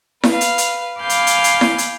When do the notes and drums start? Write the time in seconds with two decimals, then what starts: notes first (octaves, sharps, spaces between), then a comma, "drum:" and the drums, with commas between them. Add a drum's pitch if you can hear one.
0.23 B4 F5, drum: snare E4
0.41 drum: hi-hat
0.58 drum: hi-hat
1.00 F5 G#5 B5 D6 F6 G6
1.09 drum: hi-hat
1.27 drum: hi-hat
1.44 drum: hi-hat
1.61 drum: snare E4
1.78 drum: hi-hat